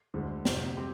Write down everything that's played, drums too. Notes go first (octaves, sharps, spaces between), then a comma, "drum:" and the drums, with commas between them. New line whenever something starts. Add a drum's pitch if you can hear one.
D2 D3 G#3
F1 F2 C3, drum: snare
G3 C4 G4